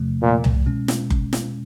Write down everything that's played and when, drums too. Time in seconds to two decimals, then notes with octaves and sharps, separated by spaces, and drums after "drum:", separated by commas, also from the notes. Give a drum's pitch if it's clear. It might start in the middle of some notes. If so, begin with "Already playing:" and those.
Already playing: E2 C3 F3 A3
0.22 A#2
0.44 drum: tom C2
0.66 B2 G#3 C#4
0.88 drum: snare
1.10 drum: kick F#1
1.33 drum: snare